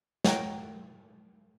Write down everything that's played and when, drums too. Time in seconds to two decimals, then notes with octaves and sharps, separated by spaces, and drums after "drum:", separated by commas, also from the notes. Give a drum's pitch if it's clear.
0.24 C#5 F#5 G5 A#5, drum: snare